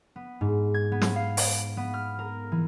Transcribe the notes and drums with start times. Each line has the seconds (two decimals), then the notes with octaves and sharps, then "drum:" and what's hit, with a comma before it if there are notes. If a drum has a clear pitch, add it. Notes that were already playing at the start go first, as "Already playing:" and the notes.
0.16 B3
0.41 G#2
0.74 G#6
0.92 B3
1.02 drum: snare
1.16 F5
1.37 D7, drum: open hi-hat
1.77 B3
1.94 F6
2.19 A#4
2.52 E3